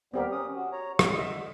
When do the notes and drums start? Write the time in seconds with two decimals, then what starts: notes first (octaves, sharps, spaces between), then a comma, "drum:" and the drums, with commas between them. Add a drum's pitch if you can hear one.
0.14 D#2 G3 B3 C4 G4 A#4
0.32 C#4 D#6
0.56 F#4
0.72 C#5 A#5
0.99 F2, drum: rim click
1.15 D3 D#5 E5